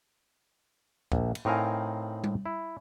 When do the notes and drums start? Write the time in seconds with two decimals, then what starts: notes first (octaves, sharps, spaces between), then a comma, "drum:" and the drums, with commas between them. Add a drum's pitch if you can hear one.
1.12 A#1, drum: kick
1.35 drum: cymbal
1.45 A2 C4 D#4 A#4 F5 G#5
2.24 drum: tom G3
2.46 E4